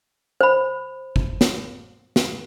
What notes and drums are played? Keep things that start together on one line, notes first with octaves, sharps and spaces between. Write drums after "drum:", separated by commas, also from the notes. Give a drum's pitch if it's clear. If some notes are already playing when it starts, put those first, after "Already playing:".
C5 B5
drum: kick
drum: snare
drum: snare